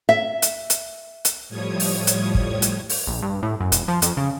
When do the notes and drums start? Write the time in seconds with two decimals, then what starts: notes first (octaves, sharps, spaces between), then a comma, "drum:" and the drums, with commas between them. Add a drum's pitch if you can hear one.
0.09 E5
0.42 drum: hi-hat
0.70 drum: hi-hat
1.25 drum: hi-hat
1.49 A2 F3 G3 C#5 D#6 G#6
1.80 drum: open hi-hat
2.07 drum: hi-hat
2.35 drum: kick
2.62 drum: hi-hat
2.89 drum: open hi-hat
3.07 A#1
3.22 G2
3.43 A2
3.60 F#2
3.72 E1, drum: hi-hat
3.88 F3
4.02 F2, drum: hi-hat
4.17 C#3